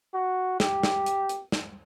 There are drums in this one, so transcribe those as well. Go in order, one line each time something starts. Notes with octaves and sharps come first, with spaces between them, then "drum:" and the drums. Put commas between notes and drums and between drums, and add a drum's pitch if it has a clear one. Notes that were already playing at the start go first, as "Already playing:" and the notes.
F#4
G4, drum: snare
drum: snare
drum: hi-hat
drum: hi-hat
drum: snare